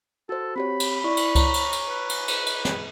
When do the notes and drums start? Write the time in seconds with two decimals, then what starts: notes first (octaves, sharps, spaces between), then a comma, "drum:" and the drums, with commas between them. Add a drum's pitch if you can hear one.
0.29 F#4 A4 C5
0.56 C4 G4 C#5 B5
0.80 drum: cymbal
1.04 E4 D5 C#6
1.17 drum: cymbal
1.35 C#5 A#5 C#6, drum: kick C#2, cymbal
1.54 drum: cymbal
1.72 drum: cymbal
1.88 B4
2.09 drum: cymbal
2.28 drum: cymbal
2.46 drum: cymbal
2.65 drum: snare